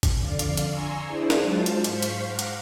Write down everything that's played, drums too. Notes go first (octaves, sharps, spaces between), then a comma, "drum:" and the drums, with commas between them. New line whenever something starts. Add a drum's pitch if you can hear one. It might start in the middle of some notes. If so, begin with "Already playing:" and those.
drum: kick G#1, hi-hat
F2 D3 D5 F5
drum: hi-hat
drum: hi-hat
G#5 A#5 C6 C#6 E6
D4 E4 G#4 C5 D5
drum: snare
F#3 G#3 F4 C5 A5
drum: hi-hat
G#2 C5 F5 C#6 B6, drum: hi-hat
drum: hi-hat
F5 F#5 A#5 D6
drum: hi-hat